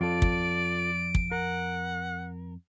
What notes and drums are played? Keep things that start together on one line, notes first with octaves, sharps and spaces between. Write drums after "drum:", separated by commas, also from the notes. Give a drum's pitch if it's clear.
F2 F4 A4 D5 D7
drum: kick
drum: kick
A#4 F#5